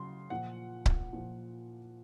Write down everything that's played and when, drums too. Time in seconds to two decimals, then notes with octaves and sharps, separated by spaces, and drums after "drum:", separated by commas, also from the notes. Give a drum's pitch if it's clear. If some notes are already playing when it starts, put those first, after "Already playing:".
Already playing: C#3 F#3 C6
0.30 A#2 F3 F#5
0.86 drum: kick C#1
1.13 A#2 F3